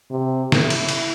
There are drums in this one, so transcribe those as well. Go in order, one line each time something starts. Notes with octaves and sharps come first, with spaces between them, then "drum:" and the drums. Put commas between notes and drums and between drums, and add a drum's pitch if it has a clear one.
C3
E4, drum: snare
drum: cymbal
drum: cymbal